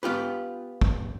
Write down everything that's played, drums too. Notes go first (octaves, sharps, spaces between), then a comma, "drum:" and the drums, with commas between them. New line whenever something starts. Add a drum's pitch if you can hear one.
B3 F4 G4 B4
drum: kick